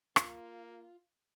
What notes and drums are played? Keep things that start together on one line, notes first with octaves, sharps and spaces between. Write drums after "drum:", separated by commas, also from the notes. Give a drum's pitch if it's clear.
A#3 F4, drum: rim click